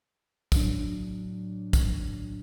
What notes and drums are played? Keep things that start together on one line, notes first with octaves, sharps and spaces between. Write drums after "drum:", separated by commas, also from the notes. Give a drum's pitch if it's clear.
A2 F#3 D4, drum: kick, tambourine
drum: kick, tambourine